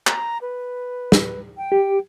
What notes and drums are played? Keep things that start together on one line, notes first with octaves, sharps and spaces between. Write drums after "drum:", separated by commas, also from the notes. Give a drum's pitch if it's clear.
A#5, drum: clap
B4
drum: snare
G5
G4